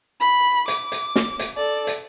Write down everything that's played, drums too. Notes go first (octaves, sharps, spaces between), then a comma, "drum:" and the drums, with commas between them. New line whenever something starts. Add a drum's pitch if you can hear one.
B5
D6, drum: hi-hat
drum: hi-hat
drum: snare
drum: hi-hat
A4 D5
drum: hi-hat